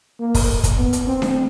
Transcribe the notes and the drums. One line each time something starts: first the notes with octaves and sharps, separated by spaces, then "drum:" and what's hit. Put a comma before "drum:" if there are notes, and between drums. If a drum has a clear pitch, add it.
A#3
drum: kick, open hi-hat
drum: kick, hi-hat
B3
drum: hi-hat
C4
drum: snare D4